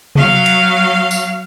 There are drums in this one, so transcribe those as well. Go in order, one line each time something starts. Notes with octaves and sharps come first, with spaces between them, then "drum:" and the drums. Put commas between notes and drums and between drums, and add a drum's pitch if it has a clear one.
F#3 F5, drum: tom C3
drum: hi-hat
drum: tambourine